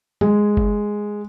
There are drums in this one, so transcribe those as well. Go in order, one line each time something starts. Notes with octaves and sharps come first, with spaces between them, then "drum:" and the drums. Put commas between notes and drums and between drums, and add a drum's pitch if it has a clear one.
G#3, drum: tom
drum: kick F#1